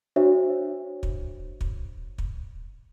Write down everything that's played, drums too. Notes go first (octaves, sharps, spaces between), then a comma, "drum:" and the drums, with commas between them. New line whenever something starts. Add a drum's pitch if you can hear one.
D4 F#4 C5 C#5 E5
drum: kick
drum: kick
drum: kick